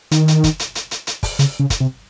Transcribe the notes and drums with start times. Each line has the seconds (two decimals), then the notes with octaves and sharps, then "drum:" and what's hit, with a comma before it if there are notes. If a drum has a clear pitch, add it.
0.11 D#3, drum: hi-hat
0.28 drum: hi-hat
0.44 drum: kick, hi-hat
0.60 drum: hi-hat
0.75 drum: hi-hat
0.91 drum: hi-hat
1.07 drum: hi-hat
1.23 drum: kick, open hi-hat
1.39 C#3, drum: hi-hat
1.60 C#3
1.70 drum: kick, hi-hat
1.80 C3